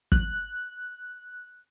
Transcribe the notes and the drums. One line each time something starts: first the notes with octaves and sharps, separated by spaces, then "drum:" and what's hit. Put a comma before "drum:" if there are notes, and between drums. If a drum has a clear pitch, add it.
F#6, drum: kick